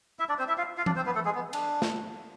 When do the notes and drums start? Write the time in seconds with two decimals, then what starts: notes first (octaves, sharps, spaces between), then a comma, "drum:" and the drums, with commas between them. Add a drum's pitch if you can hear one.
0.19 E4 E5
0.29 D4 D5
0.38 C4 C5
0.48 E4 E5
0.58 F4 F5
0.77 F4 F5
0.86 D4 D5, drum: tom E3
0.96 C4 C5
1.06 B3 B4
1.15 A3 A4
1.25 G#3 G#4
1.35 B3
1.53 D4, drum: cymbal
1.82 drum: snare